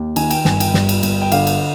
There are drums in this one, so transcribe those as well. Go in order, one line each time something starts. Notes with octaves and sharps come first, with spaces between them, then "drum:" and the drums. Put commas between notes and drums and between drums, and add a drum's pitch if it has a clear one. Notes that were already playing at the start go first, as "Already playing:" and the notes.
Already playing: D#2
D#3 G#5, drum: cymbal
G5, drum: cymbal
G1 G#5, drum: snare
G5, drum: cymbal
G2, drum: snare
drum: cymbal
G1, drum: cymbal
G5
D3 F5, drum: cymbal
drum: cymbal